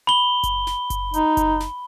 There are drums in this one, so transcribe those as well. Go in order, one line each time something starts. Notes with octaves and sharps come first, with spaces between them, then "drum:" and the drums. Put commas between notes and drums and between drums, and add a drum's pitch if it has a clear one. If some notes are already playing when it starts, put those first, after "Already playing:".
B5 G7
drum: kick F#1, hi-hat
drum: snare
drum: kick F#1, hi-hat
D#4, drum: hi-hat
drum: kick F#1, hi-hat
drum: snare